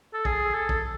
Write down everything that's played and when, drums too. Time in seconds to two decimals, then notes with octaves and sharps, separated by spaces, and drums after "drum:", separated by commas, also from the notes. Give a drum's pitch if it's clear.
0.14 A4
0.25 G#4, drum: kick
0.54 A4
0.69 drum: kick